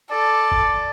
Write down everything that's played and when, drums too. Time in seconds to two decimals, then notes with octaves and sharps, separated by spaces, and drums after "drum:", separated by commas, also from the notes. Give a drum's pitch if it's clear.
0.11 A4 D5
0.52 drum: kick F#1